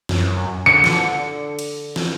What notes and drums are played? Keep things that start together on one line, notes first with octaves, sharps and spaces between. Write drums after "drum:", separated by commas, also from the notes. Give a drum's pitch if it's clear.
F#2, drum: snare
D3 C#7
drum: snare
drum: cymbal
drum: snare